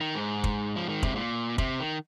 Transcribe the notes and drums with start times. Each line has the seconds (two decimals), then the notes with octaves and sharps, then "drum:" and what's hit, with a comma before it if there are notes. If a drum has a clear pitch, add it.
0.01 D#3
0.15 G#2
0.44 drum: kick
0.76 F3
0.89 D#3
1.03 C3, drum: kick
1.15 A#2
1.58 C3, drum: kick
1.80 D#3